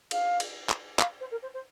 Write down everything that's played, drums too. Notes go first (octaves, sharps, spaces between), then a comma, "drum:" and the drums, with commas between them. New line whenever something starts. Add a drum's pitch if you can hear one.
F5, drum: cymbal
drum: cymbal
drum: clap
F5, drum: clap
C5
A#4
C5
C5